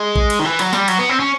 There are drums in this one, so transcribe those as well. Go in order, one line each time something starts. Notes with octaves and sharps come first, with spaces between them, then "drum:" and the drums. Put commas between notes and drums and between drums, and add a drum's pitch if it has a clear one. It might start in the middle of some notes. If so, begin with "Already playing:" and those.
Already playing: G#3
drum: kick A1
drum: cymbal
D#3
E3
F#3, drum: cymbal
G3, drum: snare
F#3, drum: cymbal
B3
C4
C#4